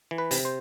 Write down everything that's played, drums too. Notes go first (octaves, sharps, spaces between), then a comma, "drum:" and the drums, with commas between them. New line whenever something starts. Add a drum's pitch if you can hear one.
E3
B4
C3, drum: open hi-hat
C5